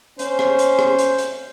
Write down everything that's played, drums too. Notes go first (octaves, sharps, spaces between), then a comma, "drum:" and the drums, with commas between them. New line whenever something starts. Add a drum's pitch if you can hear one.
C#4 C5, drum: hi-hat
drum: rim click
drum: hi-hat
drum: rim click
drum: hi-hat
drum: hi-hat